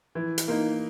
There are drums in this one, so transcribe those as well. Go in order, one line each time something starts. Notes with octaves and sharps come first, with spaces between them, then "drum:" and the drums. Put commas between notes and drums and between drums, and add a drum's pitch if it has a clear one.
E3
drum: hi-hat
A#3 D#4